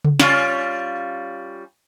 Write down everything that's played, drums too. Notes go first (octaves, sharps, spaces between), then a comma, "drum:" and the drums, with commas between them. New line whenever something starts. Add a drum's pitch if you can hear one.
drum: tom C#3
G3 C#4 F4, drum: snare